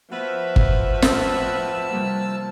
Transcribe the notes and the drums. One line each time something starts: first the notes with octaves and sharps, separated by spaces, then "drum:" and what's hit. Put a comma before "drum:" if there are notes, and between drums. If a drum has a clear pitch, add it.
F3 B3 F#4 B4 E5
drum: kick G1
A2 A4 A5 E6, drum: snare
C3 G3 A#3